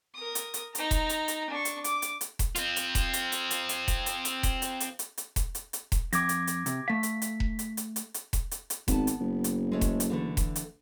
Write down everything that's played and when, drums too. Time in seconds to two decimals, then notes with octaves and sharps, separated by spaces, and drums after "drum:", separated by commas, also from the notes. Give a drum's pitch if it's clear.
0.15 A#4 D#6
0.35 drum: hi-hat
0.54 drum: hi-hat
0.75 D#4 A#5, drum: hi-hat
0.91 drum: kick E1, hi-hat
1.09 drum: hi-hat
1.28 drum: hi-hat
1.50 D4 C#6
1.65 drum: hi-hat
1.84 D6, drum: hi-hat
2.02 drum: hi-hat
2.21 drum: hi-hat
2.39 drum: kick E1, hi-hat
2.56 C4 F4, drum: hi-hat
2.76 drum: hi-hat
2.95 drum: kick E1, hi-hat
3.13 drum: hi-hat
3.32 drum: hi-hat
3.51 drum: hi-hat
3.69 drum: hi-hat
3.88 drum: kick E1, hi-hat
4.06 drum: hi-hat
4.25 drum: hi-hat
4.43 drum: kick E1, hi-hat
4.62 drum: hi-hat
4.80 drum: hi-hat
4.99 drum: hi-hat
5.18 drum: hi-hat
5.36 drum: kick E1, hi-hat
5.55 drum: hi-hat
5.73 drum: hi-hat
5.92 drum: kick E1, hi-hat
6.13 F2 D6 G#6 A#6, drum: hi-hat
6.29 drum: hi-hat
6.47 drum: hi-hat
6.66 C3, drum: hi-hat
6.88 A3 F5 B6
7.03 drum: hi-hat
7.22 drum: hi-hat
7.40 drum: kick E1
7.59 drum: hi-hat
7.77 drum: hi-hat
7.96 drum: hi-hat
8.14 drum: hi-hat
8.33 drum: kick E1, hi-hat
8.51 drum: hi-hat
8.70 drum: hi-hat
8.88 G#1 B3 A5, drum: kick E1, hi-hat
9.07 drum: hi-hat
9.20 F#1
9.44 drum: hi-hat
9.72 G#3 A3 C#5
9.81 drum: kick E1, hi-hat
10.00 drum: hi-hat
10.10 D3 E3 A3
10.37 drum: kick E1, hi-hat
10.56 drum: hi-hat